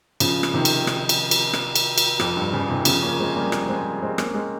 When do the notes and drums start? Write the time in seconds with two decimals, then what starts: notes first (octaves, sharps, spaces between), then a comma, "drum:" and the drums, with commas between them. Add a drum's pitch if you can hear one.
0.20 C#3 F3, drum: cymbal
0.43 drum: rim click
0.54 C3 D#3
0.65 drum: cymbal
0.87 drum: rim click
1.09 drum: cymbal
1.31 drum: cymbal
1.53 drum: rim click
1.76 drum: cymbal
1.98 drum: cymbal
2.20 F2, drum: rim click
2.36 G2
2.53 C#3 F3
2.69 C3 D#3
2.85 C#3 F3, drum: cymbal
3.02 A#3 C#4
3.19 G#3 C4
3.35 G3 A#3
3.52 drum: rim click
3.68 G#3 C4
4.02 G#3 C4
4.18 A#3 C#4, drum: rim click
4.34 G#3 C4